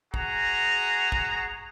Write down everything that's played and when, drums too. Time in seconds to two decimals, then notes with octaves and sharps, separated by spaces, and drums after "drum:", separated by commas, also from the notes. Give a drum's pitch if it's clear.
0.14 F#4 G#4 A#5, drum: kick
1.12 drum: kick